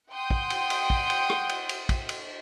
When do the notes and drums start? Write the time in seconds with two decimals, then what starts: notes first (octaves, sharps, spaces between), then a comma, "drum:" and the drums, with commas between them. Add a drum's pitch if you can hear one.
0.11 F#5 G5 C6 D#6 G6
0.30 drum: kick
0.50 drum: cymbal
0.70 drum: cymbal
0.90 drum: kick
1.10 drum: cymbal
1.30 drum: rim click
1.49 drum: cymbal
1.69 drum: cymbal
1.89 drum: kick, cymbal
2.09 drum: cymbal